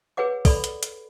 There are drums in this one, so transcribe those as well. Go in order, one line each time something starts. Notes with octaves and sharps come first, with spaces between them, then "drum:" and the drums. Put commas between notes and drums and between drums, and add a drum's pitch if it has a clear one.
G#4 B4 C#5 F#5 D6
A4 D5 B5, drum: kick, open hi-hat
drum: hi-hat
drum: hi-hat